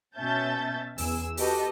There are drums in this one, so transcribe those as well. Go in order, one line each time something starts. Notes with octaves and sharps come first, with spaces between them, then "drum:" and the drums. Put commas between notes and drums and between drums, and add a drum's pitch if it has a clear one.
B2 C#4 E5 A5 G6 A6
E2 G#4 E6, drum: open hi-hat
F#4 G4 A4 B4 D#5, drum: open hi-hat